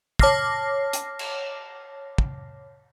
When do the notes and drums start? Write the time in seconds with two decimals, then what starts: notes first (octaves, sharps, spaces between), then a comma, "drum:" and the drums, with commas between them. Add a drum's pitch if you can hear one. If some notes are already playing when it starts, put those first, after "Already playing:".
0.19 C#5 A5 D6 F6 A#6 C7, drum: kick
0.93 drum: hi-hat
1.19 drum: cymbal
2.18 drum: kick